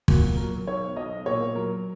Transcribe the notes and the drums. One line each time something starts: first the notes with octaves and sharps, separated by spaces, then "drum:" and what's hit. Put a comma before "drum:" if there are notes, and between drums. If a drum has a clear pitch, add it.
A#2 F#4, drum: kick
F#3 A#4
B1 C#5
B1 D#5
A#2 C#5
F#3 A#4